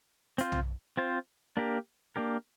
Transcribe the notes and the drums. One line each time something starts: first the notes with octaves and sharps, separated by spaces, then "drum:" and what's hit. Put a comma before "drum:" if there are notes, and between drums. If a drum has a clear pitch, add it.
C4 F4 C5, drum: hi-hat
drum: tom B1
C4 F4 C5
A#3 D4 G4 A#4
A#3 D4 G4 A#4